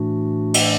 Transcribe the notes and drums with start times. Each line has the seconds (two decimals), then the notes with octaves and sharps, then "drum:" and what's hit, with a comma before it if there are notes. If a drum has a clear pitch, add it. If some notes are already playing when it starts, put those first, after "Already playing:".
Already playing: A2 E3 A3 D4 F#4
0.54 drum: cymbal